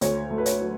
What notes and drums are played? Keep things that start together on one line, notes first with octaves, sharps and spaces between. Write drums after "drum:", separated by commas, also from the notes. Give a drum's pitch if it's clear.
D2 C#5, drum: hi-hat
A3
B4
C#5, drum: hi-hat
F#3